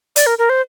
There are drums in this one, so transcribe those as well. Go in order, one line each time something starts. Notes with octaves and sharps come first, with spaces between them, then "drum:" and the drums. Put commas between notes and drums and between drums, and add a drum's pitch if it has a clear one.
D5, drum: hi-hat
A#4
A#4
C5